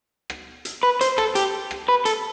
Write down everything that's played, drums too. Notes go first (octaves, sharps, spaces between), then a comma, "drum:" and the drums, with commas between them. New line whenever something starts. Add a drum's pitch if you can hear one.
drum: rim click
drum: hi-hat
B4
C5, drum: hi-hat
A4, drum: rim click
G4, drum: hi-hat
drum: rim click
B4
A4, drum: hi-hat